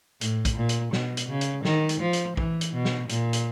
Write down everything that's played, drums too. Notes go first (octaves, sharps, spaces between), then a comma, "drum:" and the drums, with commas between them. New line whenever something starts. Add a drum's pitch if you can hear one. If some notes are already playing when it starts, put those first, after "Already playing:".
A2, drum: hi-hat
drum: kick, hi-hat
A#2
drum: hi-hat
B2, drum: snare
drum: hi-hat
C#3
drum: hi-hat
D#3, drum: snare
drum: hi-hat
F3
drum: hi-hat
E3, drum: kick
drum: hi-hat
B2
drum: snare
A#2, drum: hi-hat
drum: hi-hat